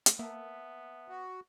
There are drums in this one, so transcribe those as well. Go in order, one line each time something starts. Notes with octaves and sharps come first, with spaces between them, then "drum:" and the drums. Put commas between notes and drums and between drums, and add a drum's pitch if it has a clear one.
drum: hi-hat
A#3 B3 E5 A5
F#4